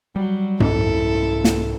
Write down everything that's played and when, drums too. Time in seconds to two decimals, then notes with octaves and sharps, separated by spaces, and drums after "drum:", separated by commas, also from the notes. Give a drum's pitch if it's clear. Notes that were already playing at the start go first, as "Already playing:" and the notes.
0.16 F#3 G3
0.60 C2 G#2 E4 A4, drum: tom F#2
1.44 drum: snare